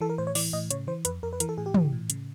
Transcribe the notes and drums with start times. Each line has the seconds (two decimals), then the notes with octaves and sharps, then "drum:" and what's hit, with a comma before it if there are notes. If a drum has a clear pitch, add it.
0.01 E3 A4
0.09 A#4
0.18 A2 C5
0.27 C#5
0.35 E3 D5, drum: open hi-hat
0.53 A2 D#5
0.71 C#3 C#5, drum: hi-hat
0.87 E3 C5
1.05 F2 B4, drum: hi-hat
1.23 F2 A#4
1.33 B4
1.40 E3 A#4, drum: hi-hat
1.49 A4
1.57 A2 G#4
1.66 G4
1.74 E3, drum: tom
1.93 A2
2.10 C#3, drum: hi-hat